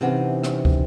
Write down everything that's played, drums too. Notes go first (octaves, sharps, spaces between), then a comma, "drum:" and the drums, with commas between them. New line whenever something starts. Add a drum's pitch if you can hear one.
C3 E3 C#4 D#4 F#5
drum: rim click
drum: kick